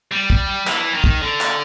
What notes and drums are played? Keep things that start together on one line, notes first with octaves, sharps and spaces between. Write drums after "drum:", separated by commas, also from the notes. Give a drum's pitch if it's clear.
G3
drum: kick
E3, drum: clap
D#3
drum: kick
D3
drum: clap